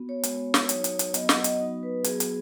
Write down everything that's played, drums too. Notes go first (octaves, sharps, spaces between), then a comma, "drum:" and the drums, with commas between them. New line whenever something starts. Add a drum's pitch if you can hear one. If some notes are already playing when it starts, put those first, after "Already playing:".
Already playing: B3 F#4
C#5
G#3 B3 F#4, drum: hi-hat
drum: snare
F#3 D#4 F#4 C#5, drum: hi-hat
drum: hi-hat
drum: hi-hat
F#3 B3 F#4 D#5, drum: hi-hat
F#5, drum: snare
D#5, drum: hi-hat
F#3 B3 D#4 F#4
B4
F#3 B3 F#4 G#4, drum: hi-hat
drum: hi-hat